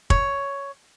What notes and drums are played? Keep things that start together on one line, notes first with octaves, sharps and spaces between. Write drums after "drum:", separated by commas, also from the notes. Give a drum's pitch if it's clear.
C#5, drum: kick